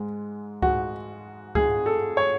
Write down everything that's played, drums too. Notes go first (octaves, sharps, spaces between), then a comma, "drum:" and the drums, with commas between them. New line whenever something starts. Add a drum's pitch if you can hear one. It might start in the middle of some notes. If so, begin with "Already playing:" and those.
Already playing: G#2 G#3
G#2 G#3 F#4, drum: kick C#2
G#2 G#3 G#4, drum: kick C#2
A4
C#5